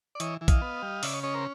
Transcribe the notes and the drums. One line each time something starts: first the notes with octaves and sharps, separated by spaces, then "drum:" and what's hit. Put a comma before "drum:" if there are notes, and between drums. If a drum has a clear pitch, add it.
D5
E3 C#5 D#5, drum: hi-hat
E3
D#5 F5, drum: kick A#1, hi-hat
B3
G3
C#3 D5 E5, drum: open hi-hat
C#5 D#5
C#4 C#5 D#5
A#4 C5